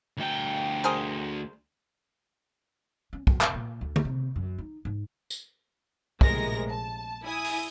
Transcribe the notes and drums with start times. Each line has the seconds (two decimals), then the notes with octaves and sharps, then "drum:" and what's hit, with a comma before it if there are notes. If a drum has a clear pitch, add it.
0.17 D2 G5
0.84 G#4 A#4 C5
3.13 C#4
3.27 F#3, drum: kick
3.41 F1, drum: clap
3.54 A#2
3.81 D2
3.96 drum: tom D3
4.05 C3
4.36 F#2
4.58 D#4
4.85 G#2
5.30 drum: tambourine
6.21 A#1 A2 C3 G#3 A#4 A#6, drum: kick
6.70 A5
7.23 E4 G#5 D#6
7.44 drum: open hi-hat